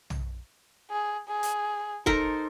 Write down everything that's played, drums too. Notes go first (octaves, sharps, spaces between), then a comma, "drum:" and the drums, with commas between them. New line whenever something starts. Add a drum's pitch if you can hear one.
drum: tom
G#4
G#4
drum: hi-hat
D#4 A4 A#4 C5, drum: kick